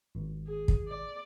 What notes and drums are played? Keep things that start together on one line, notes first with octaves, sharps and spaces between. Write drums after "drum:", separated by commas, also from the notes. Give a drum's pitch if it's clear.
G#1
G#4
drum: kick
D5